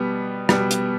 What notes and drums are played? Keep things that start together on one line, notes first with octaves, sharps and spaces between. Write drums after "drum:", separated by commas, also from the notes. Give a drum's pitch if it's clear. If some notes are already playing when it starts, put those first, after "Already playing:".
Already playing: B2 G3 B3
B2 G3 B3, drum: rim click
drum: hi-hat